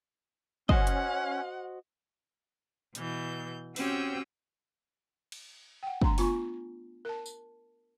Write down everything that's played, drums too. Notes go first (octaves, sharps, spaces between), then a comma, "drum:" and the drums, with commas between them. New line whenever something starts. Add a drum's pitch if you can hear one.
C#4 F#4 C5 D#5 F#5, drum: kick
drum: hi-hat
B2 E3 G6, drum: hi-hat
C4 C#4 F#4 G4 G5 E6, drum: open hi-hat
drum: cymbal
F#5 G5
A3 D4 A#5 C6, drum: kick
B3 F4 G#5 B5 C#6, drum: open hi-hat
A#4 A5
drum: tambourine